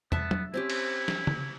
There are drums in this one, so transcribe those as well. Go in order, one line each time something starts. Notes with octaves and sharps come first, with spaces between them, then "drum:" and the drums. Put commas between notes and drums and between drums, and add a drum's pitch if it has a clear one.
B3 E5 A5, drum: tom
drum: tom F#3
C4 C#4 E4 G4
drum: cymbal
drum: snare
drum: tom C#3